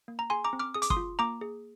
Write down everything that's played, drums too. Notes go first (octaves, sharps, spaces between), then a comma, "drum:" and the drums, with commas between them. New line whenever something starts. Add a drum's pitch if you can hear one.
A#3
A#5
G#4 G#5 C6
A#5 D6
C4
D6 F6
G#4 D#6
D6, drum: hi-hat
C6 D#6, drum: kick
F4
A#3 A#5 D6
G#4